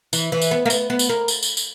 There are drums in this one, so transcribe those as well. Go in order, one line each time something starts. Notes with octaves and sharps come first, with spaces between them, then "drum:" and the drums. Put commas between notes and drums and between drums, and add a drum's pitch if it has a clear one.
E3, drum: tambourine
E3
drum: tambourine
B3
A#3
B3, drum: tambourine
B3
drum: tambourine
A#3
drum: tambourine
drum: tambourine
drum: tambourine